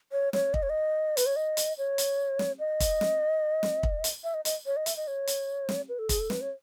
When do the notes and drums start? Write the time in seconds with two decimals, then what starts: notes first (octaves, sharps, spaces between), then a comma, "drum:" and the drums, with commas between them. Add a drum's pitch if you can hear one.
0.12 C#5
0.33 C#5, drum: snare
0.54 D#5, drum: kick
0.63 C#5
0.70 D#5
1.17 B4, drum: hi-hat
1.26 C#5
1.36 D#5
1.57 drum: hi-hat
1.78 C#5
1.98 drum: hi-hat
2.39 drum: snare
2.59 D#5
2.80 drum: kick, hi-hat
3.01 drum: snare
3.63 drum: snare
3.83 drum: kick
4.04 drum: hi-hat
4.24 E5
4.34 D#5
4.45 D#5, drum: hi-hat
4.66 C#5
4.77 D#5
4.86 E5, drum: hi-hat
4.97 D#5
5.07 C#5
5.27 drum: hi-hat
5.69 drum: snare
5.89 B4
5.99 A4
6.09 G#4, drum: kick, hi-hat
6.20 A4
6.30 B4, drum: snare
6.41 C#5